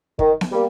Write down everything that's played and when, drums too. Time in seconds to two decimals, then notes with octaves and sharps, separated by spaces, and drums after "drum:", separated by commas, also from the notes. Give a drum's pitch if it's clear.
0.19 D#3, drum: kick
0.41 drum: snare B3
0.52 G3 A#3